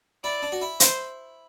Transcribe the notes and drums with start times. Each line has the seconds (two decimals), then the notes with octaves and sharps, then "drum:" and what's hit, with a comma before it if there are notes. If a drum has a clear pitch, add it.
0.24 E4 D5
0.43 D4
0.52 F#4
0.62 E4
0.80 C5, drum: hi-hat